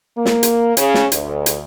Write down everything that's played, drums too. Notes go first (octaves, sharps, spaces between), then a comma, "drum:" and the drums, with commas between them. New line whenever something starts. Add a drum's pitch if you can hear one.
A#3
drum: snare
drum: hi-hat
C#3, drum: hi-hat
drum: snare
D2, drum: hi-hat
drum: hi-hat